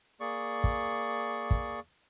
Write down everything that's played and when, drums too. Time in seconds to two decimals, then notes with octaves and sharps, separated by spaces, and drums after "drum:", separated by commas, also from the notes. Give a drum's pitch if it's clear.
0.20 A#3 G#4 D5 C#6
0.64 drum: kick
1.51 drum: kick